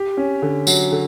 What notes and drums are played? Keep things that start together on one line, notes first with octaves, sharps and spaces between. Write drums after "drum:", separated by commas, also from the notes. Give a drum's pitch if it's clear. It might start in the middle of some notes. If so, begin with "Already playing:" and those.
Already playing: G4
C#4
D3
F#3, drum: tambourine
D3